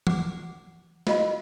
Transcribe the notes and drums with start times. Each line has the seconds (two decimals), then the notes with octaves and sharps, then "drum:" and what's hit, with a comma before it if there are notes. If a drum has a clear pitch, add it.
0.07 F#5 D6, drum: tom E3
1.07 F4 F#4 D#5 F5 B5, drum: snare